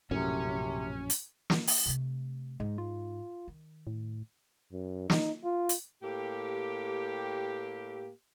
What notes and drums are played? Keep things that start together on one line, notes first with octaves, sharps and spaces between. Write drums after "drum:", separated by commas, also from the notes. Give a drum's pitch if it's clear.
A#1 F#2 A2 C3 C#4
drum: hi-hat
drum: snare
drum: open hi-hat
C3 A3
G#2 G#3
F4
D#3
A2
F#2
D#4, drum: snare
F4
drum: hi-hat
A2 A#3 G4